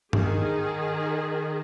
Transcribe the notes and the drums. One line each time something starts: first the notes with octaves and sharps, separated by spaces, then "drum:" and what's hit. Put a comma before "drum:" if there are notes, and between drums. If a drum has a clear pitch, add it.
D#3 G#4, drum: tom G2